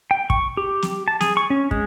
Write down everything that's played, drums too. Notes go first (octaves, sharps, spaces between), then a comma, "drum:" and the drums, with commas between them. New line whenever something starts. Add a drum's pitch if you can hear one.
G5
C#6, drum: kick
G4
drum: snare
A5
G#4, drum: snare
C#6
C#4
G#3, drum: kick